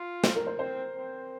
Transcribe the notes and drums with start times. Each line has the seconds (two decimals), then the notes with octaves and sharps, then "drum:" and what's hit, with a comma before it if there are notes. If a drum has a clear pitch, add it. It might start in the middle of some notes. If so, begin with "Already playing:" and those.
Already playing: F4
0.24 C5, drum: snare
0.36 A#4
0.47 C5
0.59 C4 C5
0.96 C4